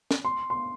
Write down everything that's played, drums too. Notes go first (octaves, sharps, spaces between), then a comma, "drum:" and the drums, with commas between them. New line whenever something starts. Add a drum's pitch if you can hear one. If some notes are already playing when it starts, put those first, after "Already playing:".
drum: snare
C6
C6